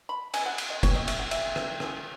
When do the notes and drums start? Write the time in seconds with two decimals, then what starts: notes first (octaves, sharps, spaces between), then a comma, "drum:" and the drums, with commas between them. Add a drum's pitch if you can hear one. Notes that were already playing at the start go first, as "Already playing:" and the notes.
0.09 B5
0.34 E3 G#3 C#4 G#5, drum: cymbal
0.46 F#5
0.58 drum: cymbal
0.70 D#5
0.83 D#3 G#3 B3 C#5, drum: kick F#1, cymbal
0.95 D#5
1.08 E5, drum: cymbal
1.19 F#5
1.31 E3 B3 E5, drum: cymbal
1.56 drum: rim click
1.80 E3 G#3 B3, drum: rim click